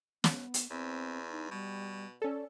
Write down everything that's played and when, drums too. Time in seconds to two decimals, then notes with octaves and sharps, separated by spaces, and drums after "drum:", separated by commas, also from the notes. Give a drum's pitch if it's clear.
0.24 B3, drum: snare
0.54 drum: hi-hat
0.70 E2 C4
1.31 D#4
1.51 B2 G3
2.22 C#4 A4 D5